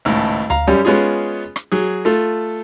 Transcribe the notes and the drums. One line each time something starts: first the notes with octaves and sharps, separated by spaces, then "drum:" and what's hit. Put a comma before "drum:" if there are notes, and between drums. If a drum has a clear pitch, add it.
G#1 C#2 A2
F5 A#5, drum: tom D2
F#2 G3 C#4
G#3 B3 C#4 F4 G#4
drum: rim click
F#3 G#4
A3 F4 A4